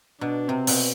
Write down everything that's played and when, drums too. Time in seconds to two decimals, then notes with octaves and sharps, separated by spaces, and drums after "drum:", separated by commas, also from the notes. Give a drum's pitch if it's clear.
0.21 B2 D4
0.49 C3 C4
0.67 B2, drum: open hi-hat